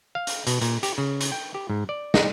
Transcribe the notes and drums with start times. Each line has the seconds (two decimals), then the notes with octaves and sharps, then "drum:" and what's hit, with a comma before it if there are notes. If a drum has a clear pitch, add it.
0.15 F5
0.27 drum: hi-hat
0.47 B2, drum: hi-hat
0.62 A#2, drum: hi-hat
0.83 G4, drum: hi-hat
0.98 C#3
1.21 drum: hi-hat
1.32 G5
1.54 G4
1.70 G#2
1.89 D5
2.14 D#4, drum: snare